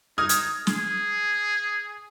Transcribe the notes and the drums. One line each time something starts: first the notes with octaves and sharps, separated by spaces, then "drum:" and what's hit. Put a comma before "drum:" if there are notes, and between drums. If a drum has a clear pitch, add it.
D#4 D#6 F6 G#6
drum: hi-hat
G#4, drum: snare